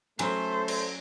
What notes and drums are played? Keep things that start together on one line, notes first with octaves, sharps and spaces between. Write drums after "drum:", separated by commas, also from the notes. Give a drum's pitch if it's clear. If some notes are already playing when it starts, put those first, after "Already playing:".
F#3 A3 C#4 C5, drum: cymbal
drum: cymbal